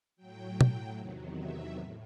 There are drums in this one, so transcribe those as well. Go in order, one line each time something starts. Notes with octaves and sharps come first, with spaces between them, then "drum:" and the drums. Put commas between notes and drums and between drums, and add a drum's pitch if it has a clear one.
A2 F#3 G5
drum: tom
E2 C3 D#3 F#3
E5
A2